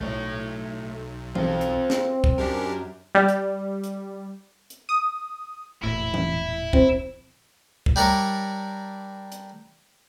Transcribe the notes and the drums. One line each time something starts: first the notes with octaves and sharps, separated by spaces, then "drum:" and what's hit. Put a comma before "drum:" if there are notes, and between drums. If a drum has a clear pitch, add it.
B1 A3 C#5
C4 F4 A4, drum: tom E3
drum: hi-hat
drum: snare
drum: kick
F#2 D4 G4 A#4
G3
drum: hi-hat
drum: hi-hat
drum: hi-hat
D#6
E1 A#1 A2 E4
drum: tom E3
C4, drum: kick
drum: kick
G3 D4 A#4 C#5
drum: hi-hat